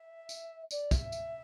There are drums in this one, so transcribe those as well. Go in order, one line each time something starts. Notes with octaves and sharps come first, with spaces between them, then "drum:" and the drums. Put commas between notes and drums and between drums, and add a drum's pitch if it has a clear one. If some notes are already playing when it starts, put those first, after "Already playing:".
Already playing: E5
drum: tambourine
D5, drum: tambourine
E5, drum: kick, tambourine
drum: tambourine